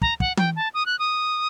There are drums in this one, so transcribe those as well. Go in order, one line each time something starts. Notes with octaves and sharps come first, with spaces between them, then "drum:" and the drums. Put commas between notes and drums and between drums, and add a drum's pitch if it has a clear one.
A#5, drum: kick
F#5, drum: kick
G5, drum: tom E3
A5
D#6
F#6
D#6